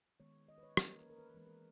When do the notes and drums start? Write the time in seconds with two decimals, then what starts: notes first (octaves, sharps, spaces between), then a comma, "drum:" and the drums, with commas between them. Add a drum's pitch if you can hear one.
0.20 D#3 G#3 B3 C#5
0.48 D#5
0.58 B4
0.63 C#5
0.77 E3 A#3 C#4 C#5, drum: rim click
0.92 A#4
1.01 B4
1.10 A#4
1.19 B4
1.29 A#4
1.34 E3 G#3 B3 B4
1.47 A#4